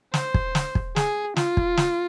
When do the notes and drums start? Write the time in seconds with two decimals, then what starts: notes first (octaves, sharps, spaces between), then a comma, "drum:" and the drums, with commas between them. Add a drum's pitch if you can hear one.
0.14 C5, drum: snare
0.34 drum: kick
0.55 drum: snare
0.75 drum: kick
0.96 G#4, drum: snare
1.36 F4, drum: snare
1.57 drum: kick
1.77 drum: snare